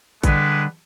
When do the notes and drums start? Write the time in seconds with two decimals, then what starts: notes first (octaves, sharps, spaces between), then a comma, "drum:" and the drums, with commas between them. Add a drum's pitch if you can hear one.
0.24 D3 G3 G#3 D4 B4, drum: kick A1, hi-hat